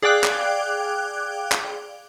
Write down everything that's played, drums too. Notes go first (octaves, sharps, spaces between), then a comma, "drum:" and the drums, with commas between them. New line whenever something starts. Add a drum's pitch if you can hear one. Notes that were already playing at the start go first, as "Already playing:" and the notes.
G#4 D5 F5 G5 D6 F#6
drum: clap
drum: clap